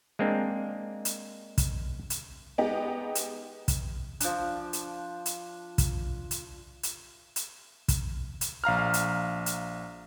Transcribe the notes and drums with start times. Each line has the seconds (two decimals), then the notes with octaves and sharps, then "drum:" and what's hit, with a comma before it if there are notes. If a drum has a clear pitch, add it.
0.19 G#3 A#3 C4 D4
1.05 drum: hi-hat
1.58 drum: kick, hi-hat
2.10 drum: hi-hat
2.58 G#3 B3 D#4 G4
3.15 drum: hi-hat
3.68 drum: kick, hi-hat
4.20 F3 D4, drum: hi-hat
4.73 drum: hi-hat
5.26 drum: hi-hat
5.78 drum: kick, hi-hat
6.31 drum: hi-hat
6.83 drum: hi-hat
7.36 drum: hi-hat
7.88 drum: kick, hi-hat
8.41 drum: hi-hat
8.64 A#1 F5 A#5 F6
8.94 drum: hi-hat
9.46 drum: hi-hat